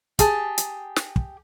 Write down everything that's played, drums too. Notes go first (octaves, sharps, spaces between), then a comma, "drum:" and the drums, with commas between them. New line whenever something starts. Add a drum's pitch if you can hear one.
G4 G#4 A5, drum: kick, hi-hat
drum: hi-hat
drum: snare
drum: kick